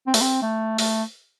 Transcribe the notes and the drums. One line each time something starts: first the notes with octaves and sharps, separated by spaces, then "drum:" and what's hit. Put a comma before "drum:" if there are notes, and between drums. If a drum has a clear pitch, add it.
C4
A3, drum: open hi-hat
C4
A3
A3, drum: open hi-hat